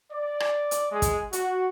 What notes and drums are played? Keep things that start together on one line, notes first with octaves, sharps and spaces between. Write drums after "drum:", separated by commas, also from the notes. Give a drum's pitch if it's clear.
D5
drum: rim click
drum: hi-hat
G#3
drum: kick, hi-hat
F#4, drum: hi-hat